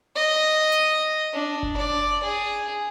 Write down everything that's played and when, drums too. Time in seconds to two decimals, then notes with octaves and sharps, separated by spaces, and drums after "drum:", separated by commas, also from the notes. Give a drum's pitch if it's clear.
0.16 D#5
0.72 drum: hi-hat
1.33 D4
1.63 drum: kick F#1
1.77 D5
2.23 G#4